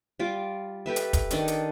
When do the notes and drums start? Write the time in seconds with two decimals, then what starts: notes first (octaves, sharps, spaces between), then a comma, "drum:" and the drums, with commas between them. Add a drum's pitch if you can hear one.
0.20 G3 F4 D6
0.86 G4 A4 B4 E5
0.96 drum: hi-hat
1.13 drum: kick, hi-hat
1.30 D#3 D4 D#5 C#6, drum: hi-hat
1.48 drum: hi-hat